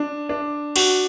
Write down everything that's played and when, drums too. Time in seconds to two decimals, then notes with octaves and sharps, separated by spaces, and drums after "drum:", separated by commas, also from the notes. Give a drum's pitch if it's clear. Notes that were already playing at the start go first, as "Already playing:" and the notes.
Already playing: D4
0.29 D4
0.76 F#4, drum: cymbal